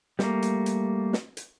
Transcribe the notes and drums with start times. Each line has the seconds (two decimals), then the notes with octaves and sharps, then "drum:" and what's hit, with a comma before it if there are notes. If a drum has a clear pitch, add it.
0.19 G3 A3 A#3, drum: snare
0.42 drum: hi-hat
0.66 drum: hi-hat
1.13 drum: snare
1.37 drum: hi-hat